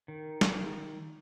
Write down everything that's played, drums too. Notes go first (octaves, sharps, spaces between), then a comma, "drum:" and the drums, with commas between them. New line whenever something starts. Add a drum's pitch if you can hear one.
D#3
drum: snare